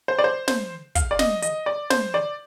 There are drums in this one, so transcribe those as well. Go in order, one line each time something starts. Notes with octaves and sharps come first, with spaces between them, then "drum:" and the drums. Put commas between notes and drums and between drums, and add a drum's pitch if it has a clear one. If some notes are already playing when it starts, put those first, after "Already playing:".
C5
D5
C5
C5, drum: snare
F5, drum: kick, hi-hat
D5
D#5, drum: snare
D#5, drum: hi-hat
D5
C5, drum: snare
D5